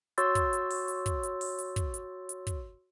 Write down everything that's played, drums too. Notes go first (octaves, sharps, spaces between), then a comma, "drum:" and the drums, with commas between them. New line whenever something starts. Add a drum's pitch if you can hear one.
F#4 C#5 C6 E6 G6 A6, drum: hi-hat
drum: kick, hi-hat
drum: hi-hat
drum: open hi-hat
drum: hi-hat
drum: kick, hi-hat
drum: hi-hat
drum: open hi-hat
drum: hi-hat
drum: kick, hi-hat
drum: hi-hat
drum: hi-hat
drum: kick, hi-hat